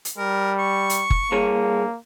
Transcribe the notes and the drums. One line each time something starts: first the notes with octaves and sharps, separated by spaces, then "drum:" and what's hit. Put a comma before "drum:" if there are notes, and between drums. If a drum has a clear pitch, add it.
drum: hi-hat
G3 A#4
C#6
drum: hi-hat
drum: kick F#1
G2 A#3 G#4 C#5